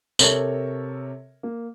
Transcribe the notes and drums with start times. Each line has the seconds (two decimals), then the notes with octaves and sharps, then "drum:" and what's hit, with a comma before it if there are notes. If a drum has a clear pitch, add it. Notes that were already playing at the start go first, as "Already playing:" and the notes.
0.19 C3 A4 A#4 C#5, drum: tambourine
1.43 A#3